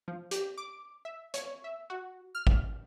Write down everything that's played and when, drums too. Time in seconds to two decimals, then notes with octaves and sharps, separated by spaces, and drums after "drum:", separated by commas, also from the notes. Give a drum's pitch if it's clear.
0.08 F3
0.31 G4, drum: hi-hat
0.58 D6
1.05 E5
1.34 C#5, drum: hi-hat
1.64 E5
1.90 F#4
2.35 F6
2.47 drum: kick G#1